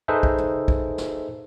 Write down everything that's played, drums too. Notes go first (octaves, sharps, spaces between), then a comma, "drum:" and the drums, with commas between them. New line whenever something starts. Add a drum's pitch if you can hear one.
D#4 G#4 A4 B4 C5 E5
drum: kick
drum: tom
drum: kick
drum: snare